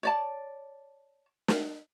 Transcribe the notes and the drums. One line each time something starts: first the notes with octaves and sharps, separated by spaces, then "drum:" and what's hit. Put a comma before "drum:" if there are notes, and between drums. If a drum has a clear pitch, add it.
C#5 D5 A5
drum: snare